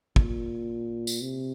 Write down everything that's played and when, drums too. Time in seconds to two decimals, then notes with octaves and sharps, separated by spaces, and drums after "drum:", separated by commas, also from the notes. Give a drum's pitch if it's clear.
0.16 A#2, drum: kick
1.07 drum: tambourine
1.22 C3